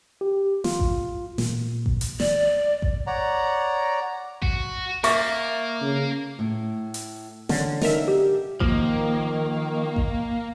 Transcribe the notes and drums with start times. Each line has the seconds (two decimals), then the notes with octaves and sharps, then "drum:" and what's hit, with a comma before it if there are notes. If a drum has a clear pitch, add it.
0.21 G4
0.64 F4, drum: snare
0.80 drum: kick A1
1.38 A#2, drum: snare
1.86 drum: kick A1
2.01 drum: hi-hat
2.20 D5, drum: snare
2.82 drum: kick A1
3.07 C#5 D5 F#5 A#5
4.42 F#4, drum: kick A1
5.04 A#3 A#4 E5 C#6 D6, drum: hi-hat
5.81 C#3
6.39 A2
6.94 drum: hi-hat
7.49 D3 C#4, drum: snare
7.81 D#4 A#4 E5, drum: snare
8.08 G4
8.60 D#3 F3 A#3, drum: kick A1
9.96 drum: kick A1